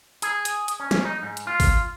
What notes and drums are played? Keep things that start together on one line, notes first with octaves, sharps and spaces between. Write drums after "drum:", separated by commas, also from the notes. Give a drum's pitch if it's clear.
G#4, drum: hi-hat
drum: hi-hat
drum: hi-hat
C#4
drum: snare
D#4
G#2
drum: hi-hat
F4
drum: kick, open hi-hat